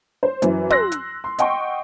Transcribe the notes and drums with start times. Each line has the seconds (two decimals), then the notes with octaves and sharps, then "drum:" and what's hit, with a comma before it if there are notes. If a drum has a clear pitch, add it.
0.23 C5
0.42 F#2 E3, drum: hi-hat
0.70 C6 E6 F#6 A#6, drum: tom
0.92 drum: hi-hat
1.24 C6
1.39 D#5 F#5 G5 C6 C#6, drum: hi-hat